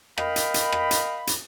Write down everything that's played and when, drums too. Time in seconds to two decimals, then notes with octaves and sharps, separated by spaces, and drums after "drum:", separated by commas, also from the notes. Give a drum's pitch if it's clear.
0.18 A#4 D#5 F5 G5 B5, drum: rim click
0.36 drum: hi-hat
0.54 drum: hi-hat
0.72 drum: rim click
0.91 drum: hi-hat
1.27 drum: hi-hat